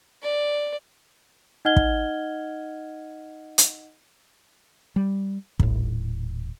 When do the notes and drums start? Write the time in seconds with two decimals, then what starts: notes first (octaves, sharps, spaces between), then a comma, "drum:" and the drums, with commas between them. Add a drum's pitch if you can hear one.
0.23 D5
1.65 D#4 D#5 F#5 F6 G#6 G7
1.76 drum: kick
3.58 drum: hi-hat
4.96 G3
5.60 D#1 A2, drum: kick